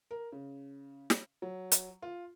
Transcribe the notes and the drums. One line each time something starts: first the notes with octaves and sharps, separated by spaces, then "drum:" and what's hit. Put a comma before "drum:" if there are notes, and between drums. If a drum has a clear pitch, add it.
A#4
C#3
drum: snare
F#3
drum: hi-hat
F4